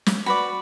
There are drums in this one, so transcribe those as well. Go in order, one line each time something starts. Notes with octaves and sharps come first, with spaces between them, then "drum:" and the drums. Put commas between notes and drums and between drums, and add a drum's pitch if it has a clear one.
drum: snare
F#4 B4 D5 B5